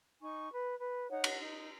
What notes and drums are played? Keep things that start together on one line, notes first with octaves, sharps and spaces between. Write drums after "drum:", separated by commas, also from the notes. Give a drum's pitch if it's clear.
D#4 G#5 C#6
B4
B4
D#4 C#5 F#5
drum: cymbal
D#4